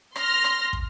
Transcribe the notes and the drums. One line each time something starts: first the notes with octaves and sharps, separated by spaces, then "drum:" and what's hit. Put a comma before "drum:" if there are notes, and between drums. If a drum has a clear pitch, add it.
C6 F6 A#6, drum: rim click
drum: rim click
drum: kick